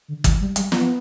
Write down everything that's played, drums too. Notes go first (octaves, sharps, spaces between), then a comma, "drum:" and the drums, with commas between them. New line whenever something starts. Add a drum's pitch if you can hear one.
D3
E3, drum: kick G1, hi-hat
G3
G3, drum: hi-hat
B3, drum: snare